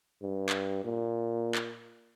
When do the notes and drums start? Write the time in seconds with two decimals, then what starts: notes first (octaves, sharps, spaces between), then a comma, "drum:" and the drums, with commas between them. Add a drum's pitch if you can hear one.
0.22 G2
0.49 drum: clap
0.85 A#2
1.55 drum: clap